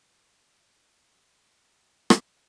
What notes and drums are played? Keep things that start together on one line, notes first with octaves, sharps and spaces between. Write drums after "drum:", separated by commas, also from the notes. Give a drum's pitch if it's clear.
C5 G#5
drum: rim click